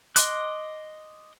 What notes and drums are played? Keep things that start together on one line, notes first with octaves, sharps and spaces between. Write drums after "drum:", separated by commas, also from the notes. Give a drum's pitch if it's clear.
D#5 C6 D6 F#6, drum: hi-hat